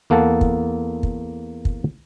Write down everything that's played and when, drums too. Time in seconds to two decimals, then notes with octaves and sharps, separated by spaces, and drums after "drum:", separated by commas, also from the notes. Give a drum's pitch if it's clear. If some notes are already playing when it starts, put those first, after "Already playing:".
0.10 E2 A#3 A4 F#5 A5
0.41 drum: kick
1.03 drum: kick
1.65 drum: kick